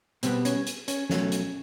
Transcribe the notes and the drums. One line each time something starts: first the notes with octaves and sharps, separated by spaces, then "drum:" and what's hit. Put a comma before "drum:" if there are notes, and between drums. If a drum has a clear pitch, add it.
B2 G3 B3 C4, drum: hi-hat
C#4, drum: hi-hat
drum: hi-hat
C#4, drum: hi-hat
B2 F#3 A3 C#4, drum: snare
drum: hi-hat